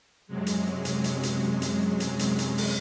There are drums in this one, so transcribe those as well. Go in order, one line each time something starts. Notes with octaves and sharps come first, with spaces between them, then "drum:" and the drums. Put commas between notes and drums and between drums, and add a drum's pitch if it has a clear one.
F#2 C3 F#3 G#3
drum: hi-hat
drum: hi-hat
drum: hi-hat
drum: hi-hat
drum: hi-hat
drum: hi-hat
drum: hi-hat
drum: hi-hat
drum: open hi-hat